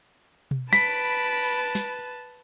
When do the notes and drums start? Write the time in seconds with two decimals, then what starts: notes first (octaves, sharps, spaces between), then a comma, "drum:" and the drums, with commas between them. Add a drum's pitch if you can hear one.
0.51 drum: tom B2
0.73 B4 A5 B5 B6 D7, drum: snare
1.43 drum: cymbal
1.75 drum: snare